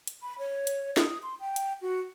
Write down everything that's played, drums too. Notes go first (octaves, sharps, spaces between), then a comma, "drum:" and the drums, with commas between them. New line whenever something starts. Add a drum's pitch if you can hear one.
drum: hi-hat
B5
C#5
drum: hi-hat
D#6, drum: snare
C6
G5
drum: hi-hat
F#4